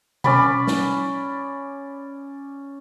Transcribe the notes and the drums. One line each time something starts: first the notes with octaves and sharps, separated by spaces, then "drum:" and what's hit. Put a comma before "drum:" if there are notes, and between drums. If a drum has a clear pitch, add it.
C#4 D5 B5, drum: tom B2
drum: snare